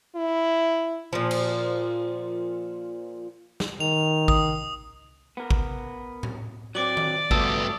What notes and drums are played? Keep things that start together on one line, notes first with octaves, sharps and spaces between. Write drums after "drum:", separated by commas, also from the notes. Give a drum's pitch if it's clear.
E4
A#2 F3
drum: cymbal
drum: snare
D#3 F7
D#6, drum: kick A1
B3 A#4
drum: kick A1
drum: tom A2
F#3 C4 D5 D6 F#7
drum: tom D#3
G2 F#3 A3 B3 A5 D#6 E6, drum: kick A1